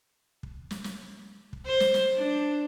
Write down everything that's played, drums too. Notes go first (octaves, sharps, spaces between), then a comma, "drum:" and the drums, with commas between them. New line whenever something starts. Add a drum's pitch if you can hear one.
drum: kick
drum: snare
drum: snare
drum: kick
C5
drum: snare
drum: snare
D4